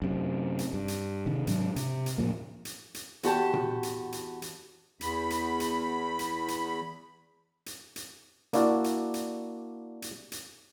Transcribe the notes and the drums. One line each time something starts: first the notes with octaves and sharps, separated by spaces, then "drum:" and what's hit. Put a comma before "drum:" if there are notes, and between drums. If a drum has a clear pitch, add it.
F#2 C3
drum: hi-hat
G2
drum: hi-hat
C3 D#3
G#2 F#3 D4, drum: hi-hat
C3, drum: hi-hat
drum: hi-hat
A2 F3 A#3
drum: hi-hat
drum: hi-hat
E2 F#4 G4 A5, drum: hi-hat
drum: tom A#2
drum: hi-hat
drum: hi-hat
drum: hi-hat
E2 B5, drum: hi-hat
drum: hi-hat
drum: hi-hat
drum: hi-hat
drum: hi-hat
drum: hi-hat
drum: hi-hat
A#3 D4 E4 F#4 A#4 D5, drum: hi-hat
drum: hi-hat
drum: hi-hat
drum: hi-hat
drum: hi-hat